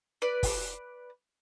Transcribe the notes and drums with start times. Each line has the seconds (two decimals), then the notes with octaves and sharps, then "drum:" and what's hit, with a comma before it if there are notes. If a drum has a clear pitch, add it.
0.22 B4 D5
0.43 drum: kick, open hi-hat